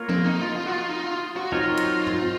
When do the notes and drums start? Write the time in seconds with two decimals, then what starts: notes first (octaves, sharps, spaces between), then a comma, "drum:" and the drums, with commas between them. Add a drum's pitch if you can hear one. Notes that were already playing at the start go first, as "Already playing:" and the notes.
Already playing: A#3 F4 A#4 C#5
0.09 C4, drum: tom F3
0.24 D#4
0.41 F4
0.56 F4
0.67 F#4
0.72 F4
0.89 D#4
1.04 F4
1.36 F#4
1.52 F#3 C4 D#4 F4 A#4 C#5
1.77 drum: cymbal
2.07 drum: tom G#2